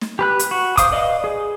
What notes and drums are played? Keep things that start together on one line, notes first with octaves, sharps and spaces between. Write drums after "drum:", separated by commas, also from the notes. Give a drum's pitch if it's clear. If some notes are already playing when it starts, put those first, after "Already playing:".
drum: snare
G4 B4 F#6
drum: hi-hat
F#4
C5 F5 D6 D#6, drum: kick, hi-hat
B4 D5 D#5 F5
G#4